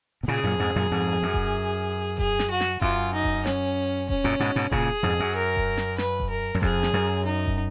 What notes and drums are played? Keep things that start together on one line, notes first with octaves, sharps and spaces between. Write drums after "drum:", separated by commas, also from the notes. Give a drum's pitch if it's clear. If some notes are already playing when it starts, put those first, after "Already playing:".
B2
A#2 C#3 G#4
F#2 A#2
F2 G#2
F#2 A#2
F2 G#2
F#2
drum: kick E1
G#4, drum: kick E1
drum: snare
F#4
drum: snare
F#2 F4, drum: kick E1
D#4
drum: kick E1
C#4, drum: snare
C#4, drum: kick E1
F#2 A#2
G#2 B2
G#2 B2
A#2 C#3 G#4, drum: kick E1
F2 G#2
F#2
A#4
drum: kick E1
drum: snare
B4, drum: snare
drum: kick E1
A#4
F#2
F2 G#4, drum: kick E1
drum: snare
F#2
D#4
drum: kick E1